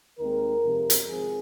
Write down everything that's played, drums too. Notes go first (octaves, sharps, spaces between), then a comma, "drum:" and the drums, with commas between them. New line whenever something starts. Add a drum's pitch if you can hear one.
D#2 D#3 G#3 C4 A#4
F2 C3 F3
drum: hi-hat
G#1 G#2 F3 C4 G#4